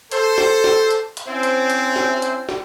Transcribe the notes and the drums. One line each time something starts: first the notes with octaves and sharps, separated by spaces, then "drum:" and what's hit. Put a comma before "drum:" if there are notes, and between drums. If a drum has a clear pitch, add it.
A4 C5, drum: hi-hat
drum: snare
drum: snare
drum: hi-hat
drum: hi-hat
C4 C#4 E4 C5
drum: hi-hat
drum: hi-hat
drum: snare
drum: hi-hat
drum: snare